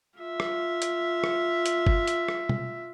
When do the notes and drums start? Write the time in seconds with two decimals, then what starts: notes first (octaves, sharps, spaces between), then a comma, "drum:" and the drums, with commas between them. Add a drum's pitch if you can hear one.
0.19 F4 E5
0.40 drum: rim click
0.82 drum: hi-hat
1.24 drum: rim click
1.66 drum: hi-hat
1.87 drum: kick
2.08 drum: hi-hat
2.28 drum: rim click
2.49 drum: tom B2